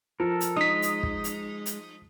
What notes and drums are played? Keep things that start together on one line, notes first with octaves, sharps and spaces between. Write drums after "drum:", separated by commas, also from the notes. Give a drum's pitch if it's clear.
F3 A4 A#4
drum: hi-hat
G#3 D#4 D#5 D#6 B6
drum: hi-hat
drum: kick
drum: hi-hat
drum: hi-hat